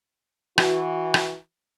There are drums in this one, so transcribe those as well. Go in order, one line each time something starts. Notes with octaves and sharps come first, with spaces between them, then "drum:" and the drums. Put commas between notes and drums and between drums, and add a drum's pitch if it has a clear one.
E3 F#4, drum: rim click
drum: rim click